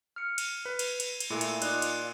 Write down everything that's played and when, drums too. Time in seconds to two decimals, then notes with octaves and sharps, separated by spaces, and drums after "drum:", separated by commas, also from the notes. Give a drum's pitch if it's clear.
0.16 F6 C#7
0.38 drum: cymbal
0.65 B4
0.79 drum: cymbal
1.00 drum: cymbal
1.20 drum: cymbal
1.30 A#2 A3 E4
1.41 drum: cymbal
1.62 D#4 F4 D5 F#6, drum: cymbal
1.82 drum: cymbal